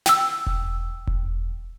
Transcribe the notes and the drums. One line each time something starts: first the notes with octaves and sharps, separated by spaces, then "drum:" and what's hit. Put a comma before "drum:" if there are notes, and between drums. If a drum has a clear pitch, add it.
G5 E6, drum: snare
drum: kick E1
drum: kick E1